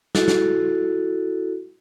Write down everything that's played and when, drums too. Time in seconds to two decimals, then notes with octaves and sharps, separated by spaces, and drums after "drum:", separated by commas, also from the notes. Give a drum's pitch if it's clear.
0.15 E4 F#4 A4, drum: snare
0.28 drum: snare